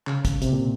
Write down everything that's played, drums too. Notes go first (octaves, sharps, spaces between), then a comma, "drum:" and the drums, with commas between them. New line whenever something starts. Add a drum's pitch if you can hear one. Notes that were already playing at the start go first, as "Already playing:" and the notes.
C#3, drum: clap
drum: kick, hi-hat
C3, drum: hi-hat
A#2